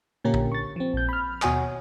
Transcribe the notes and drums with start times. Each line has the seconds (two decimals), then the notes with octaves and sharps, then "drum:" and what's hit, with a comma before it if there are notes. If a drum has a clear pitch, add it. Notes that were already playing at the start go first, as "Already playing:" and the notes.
0.24 A#2 D3 A#3 C#4 G4 A#4
0.34 drum: kick A#1
0.52 C#6 A6
0.76 F3 C4
0.93 A#1 G6
1.09 B5 F6
1.42 D#2 B2 F#4 C#5 G#5 D#6, drum: clap